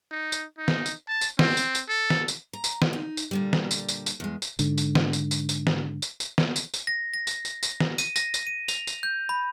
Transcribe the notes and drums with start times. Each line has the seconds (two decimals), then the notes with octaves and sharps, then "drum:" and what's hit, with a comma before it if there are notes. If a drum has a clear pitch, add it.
0.11 D#4
0.32 drum: tambourine
0.58 D#4
0.68 drum: snare
0.86 drum: tambourine
1.08 A5
1.21 drum: tambourine
1.39 C4, drum: snare
1.57 drum: tambourine
1.75 drum: tambourine
1.89 A4
2.10 drum: snare
2.28 drum: tambourine
2.53 A#5
2.64 drum: tambourine
2.82 drum: snare
2.93 D#4
3.17 drum: tambourine
3.31 A#2 D3 G3
3.53 drum: snare
3.71 drum: tambourine
3.89 drum: tambourine
4.06 drum: tambourine
4.20 E2 G#3
4.42 drum: tambourine
4.59 G#2 D3, drum: tambourine
4.78 drum: tambourine
4.95 drum: snare
5.13 drum: tambourine
5.31 drum: tambourine
5.49 drum: tambourine
5.67 drum: snare
6.02 drum: tambourine
6.20 drum: tambourine
6.38 drum: snare
6.56 drum: tambourine
6.74 drum: tambourine
6.87 A#6
7.14 A#6
7.27 drum: tambourine
7.45 drum: tambourine
7.63 drum: tambourine
7.80 drum: snare
7.98 D#7, drum: tambourine
8.16 A#6, drum: tambourine
8.34 drum: tambourine
8.47 D#7
8.68 F7, drum: tambourine
8.87 drum: tambourine
9.03 G6
9.29 B5